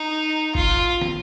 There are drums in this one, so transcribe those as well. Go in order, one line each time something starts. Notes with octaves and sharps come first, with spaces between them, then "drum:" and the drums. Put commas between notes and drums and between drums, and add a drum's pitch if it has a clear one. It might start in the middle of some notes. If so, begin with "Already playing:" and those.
Already playing: D#4
F4, drum: kick G1
drum: snare